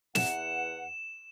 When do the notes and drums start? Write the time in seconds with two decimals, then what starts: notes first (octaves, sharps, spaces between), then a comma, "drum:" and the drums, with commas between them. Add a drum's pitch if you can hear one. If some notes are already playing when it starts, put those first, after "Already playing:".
0.15 E2 F#5 E7, drum: snare